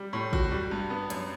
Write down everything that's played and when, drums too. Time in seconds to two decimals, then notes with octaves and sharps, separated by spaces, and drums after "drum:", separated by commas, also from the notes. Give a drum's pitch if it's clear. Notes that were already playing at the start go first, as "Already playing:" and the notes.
Already playing: G3
0.13 A2
0.33 F#4, drum: kick
0.51 G3
0.71 G2
0.90 B3
1.10 F#2, drum: hi-hat